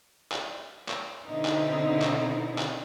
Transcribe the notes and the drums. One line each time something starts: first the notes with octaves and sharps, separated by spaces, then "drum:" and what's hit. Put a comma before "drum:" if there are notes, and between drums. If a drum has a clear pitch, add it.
drum: clap
drum: clap
B2 D3 C4 D#4 E4
drum: clap
drum: clap
drum: clap